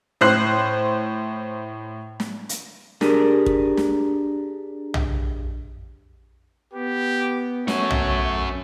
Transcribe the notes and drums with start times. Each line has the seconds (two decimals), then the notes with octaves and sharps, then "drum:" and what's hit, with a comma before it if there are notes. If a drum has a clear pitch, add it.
0.21 A2 C5 F#6 C7
2.20 drum: snare
2.49 drum: hi-hat
3.01 D4 G4 G#4 A#4, drum: snare
3.46 drum: kick
3.77 drum: snare
4.94 drum: tom
6.74 B3 G4
7.68 A3 C#4 F#4 C#5, drum: snare
7.90 drum: tom